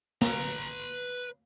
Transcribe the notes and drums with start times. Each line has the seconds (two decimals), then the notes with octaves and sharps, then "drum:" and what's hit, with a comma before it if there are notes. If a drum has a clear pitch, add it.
0.22 B4 A#5, drum: snare